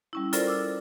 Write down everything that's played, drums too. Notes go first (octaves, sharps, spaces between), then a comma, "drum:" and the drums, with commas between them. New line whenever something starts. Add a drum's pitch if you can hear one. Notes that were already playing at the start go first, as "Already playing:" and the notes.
G3 C#4 E4
F4 A4 A#4 C5 D5, drum: hi-hat
D6 E6